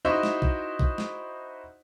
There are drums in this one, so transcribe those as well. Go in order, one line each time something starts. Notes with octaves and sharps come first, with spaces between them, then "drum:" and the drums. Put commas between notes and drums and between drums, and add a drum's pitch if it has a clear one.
D#4 E4 F#4 C5 D#5 E5
drum: snare
drum: kick A#1
drum: kick A#1
drum: snare